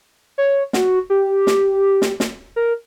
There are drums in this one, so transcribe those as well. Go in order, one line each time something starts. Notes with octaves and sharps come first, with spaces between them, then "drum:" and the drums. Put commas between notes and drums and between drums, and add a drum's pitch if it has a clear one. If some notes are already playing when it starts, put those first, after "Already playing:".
C#5
F#4, drum: snare
G4
drum: snare
drum: snare
drum: snare
A#4